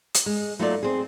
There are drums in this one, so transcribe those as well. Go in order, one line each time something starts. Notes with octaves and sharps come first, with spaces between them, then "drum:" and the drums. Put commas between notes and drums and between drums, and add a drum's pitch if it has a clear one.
drum: hi-hat
G#3
F#3 A3 A#3 D#4 F4 D5
C4 G#4